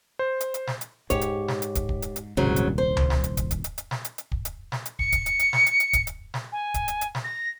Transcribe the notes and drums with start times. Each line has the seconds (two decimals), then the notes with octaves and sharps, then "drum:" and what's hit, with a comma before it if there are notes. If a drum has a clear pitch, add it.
0.19 C5
0.40 drum: hi-hat
0.54 drum: hi-hat
0.67 drum: snare
0.81 drum: hi-hat
1.10 G#2 G4 C#5, drum: kick, hi-hat
1.21 drum: hi-hat
1.48 drum: snare
1.62 drum: hi-hat
1.75 drum: kick, hi-hat
1.89 drum: kick
2.02 drum: hi-hat
2.16 drum: hi-hat
2.37 D#1 C2 G#2 C#3 F#3
2.56 drum: hi-hat
2.78 C5
2.97 drum: tom C#2
3.10 drum: snare
3.24 drum: hi-hat
3.37 drum: kick, hi-hat
3.51 drum: kick, hi-hat
3.64 drum: hi-hat
3.78 drum: hi-hat
3.91 drum: snare
4.05 drum: hi-hat
4.18 drum: hi-hat
4.32 drum: kick
4.45 drum: hi-hat
4.72 drum: snare
4.85 drum: hi-hat
4.99 C#7, drum: kick
5.12 drum: kick, hi-hat
5.26 drum: hi-hat
5.39 drum: hi-hat
5.53 drum: snare
5.66 drum: hi-hat
5.80 drum: hi-hat
5.93 drum: kick, hi-hat
6.07 drum: hi-hat
6.34 drum: snare
6.52 G#5
6.74 drum: kick, hi-hat
6.88 drum: hi-hat
7.01 drum: hi-hat
7.15 drum: snare
7.24 A#6